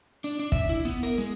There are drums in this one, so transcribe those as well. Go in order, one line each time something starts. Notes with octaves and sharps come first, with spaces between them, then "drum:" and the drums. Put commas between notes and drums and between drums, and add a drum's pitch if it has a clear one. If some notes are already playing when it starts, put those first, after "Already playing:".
D4
D4
E5, drum: kick
E4
B3
A#4
G#3